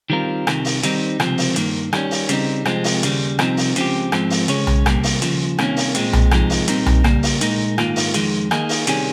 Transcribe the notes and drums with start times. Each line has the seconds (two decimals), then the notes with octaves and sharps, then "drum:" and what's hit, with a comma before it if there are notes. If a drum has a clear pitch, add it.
0.10 D#3 G3 C4 F4 A#4
0.47 C2 C3 D#3, drum: rim click
0.65 drum: open hi-hat
0.83 D#3 G3 C4 D#4, drum: hi-hat
1.20 C#2 C3 F3 C4, drum: rim click
1.38 drum: open hi-hat
1.56 G2 D#3 A#3, drum: hi-hat
1.93 D#3 G3 C#4, drum: rim click
2.11 drum: open hi-hat
2.29 C#3 G3 C4 D#4, drum: hi-hat
2.65 C3 F3 G#3 C4, drum: rim click
2.84 drum: open hi-hat
3.03 D#2 C#3 G3, drum: hi-hat
3.39 C2 C3 F3 C4 D#4, drum: rim click
3.57 drum: open hi-hat
3.76 C#2 C#3 F3 C4 G4, drum: hi-hat
4.12 G#2 F3 G#3 C4, drum: rim click
4.30 drum: open hi-hat
4.48 C#3 G#3 C#4 G#4 C#5, drum: hi-hat
4.67 drum: tom B1
4.86 C3 G3 A#3, drum: rim click
5.04 drum: open hi-hat
5.22 D#2 C#3 F3, drum: hi-hat
5.58 C2 C3 D#3 A#3 C#4, drum: rim click
5.77 drum: open hi-hat
5.95 A#2 G#3 C4, drum: hi-hat
6.13 drum: tom B1
6.31 F2 C3 F3 G#3 D#4, drum: rim click
6.50 drum: open hi-hat
6.68 A#2 G3 C4 D#4 A#4, drum: hi-hat
6.86 drum: tom B1
7.04 C#3 G3 A#3, drum: rim click
7.23 drum: open hi-hat
7.41 A#2 G#3 D#4 A#4, drum: hi-hat
7.78 G#2 D#3 A#3 F4, drum: rim click
7.96 drum: open hi-hat
8.14 F2 D#3 G#3, drum: hi-hat
8.51 D#3 A#3 D#4 G#4, drum: rim click
8.69 drum: open hi-hat
8.87 C3 D#3 G3 C#4 G#4, drum: hi-hat